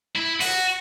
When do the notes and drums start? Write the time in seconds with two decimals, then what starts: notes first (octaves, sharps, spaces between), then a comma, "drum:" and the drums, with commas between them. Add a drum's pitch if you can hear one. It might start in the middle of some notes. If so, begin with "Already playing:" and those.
0.15 E4
0.40 F#4, drum: open hi-hat